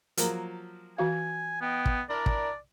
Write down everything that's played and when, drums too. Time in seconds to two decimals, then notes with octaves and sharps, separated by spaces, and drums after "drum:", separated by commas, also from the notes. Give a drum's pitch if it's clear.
0.17 F3 F#3 A#3, drum: hi-hat
0.98 E3 F#4 F5 G#5
1.61 B3 D#5 G5
1.85 drum: kick
2.09 D4 E4 A#4 D5
2.26 drum: kick